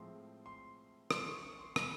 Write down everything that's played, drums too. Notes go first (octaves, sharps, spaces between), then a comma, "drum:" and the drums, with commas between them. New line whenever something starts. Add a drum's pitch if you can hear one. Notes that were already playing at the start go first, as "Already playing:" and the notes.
Already playing: A2 F3 G#3 C4 C6
C6
C6, drum: rim click
C#6
C#6
C6
B5, drum: rim click